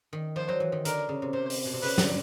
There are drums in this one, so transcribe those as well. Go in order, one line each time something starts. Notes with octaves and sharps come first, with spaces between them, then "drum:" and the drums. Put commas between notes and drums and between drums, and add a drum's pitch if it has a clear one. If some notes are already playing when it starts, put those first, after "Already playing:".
D#3
F3 C5
F#3
E3
D#3
D3 A#4, drum: hi-hat
C#3
C3
C3 C5
drum: open hi-hat
B2
C3
C#3 B4, drum: open hi-hat
D3, drum: snare